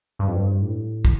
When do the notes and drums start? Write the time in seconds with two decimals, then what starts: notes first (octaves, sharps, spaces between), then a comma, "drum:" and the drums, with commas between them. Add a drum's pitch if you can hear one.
0.19 G2
0.27 F2
0.36 G2
0.62 A2
1.05 E3, drum: kick